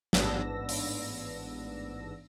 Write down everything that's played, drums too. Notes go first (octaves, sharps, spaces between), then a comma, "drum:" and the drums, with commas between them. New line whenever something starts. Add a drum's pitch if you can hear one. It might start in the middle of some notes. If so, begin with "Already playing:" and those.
A1 G#2 B3 D4 E6 A#6, drum: snare
drum: open hi-hat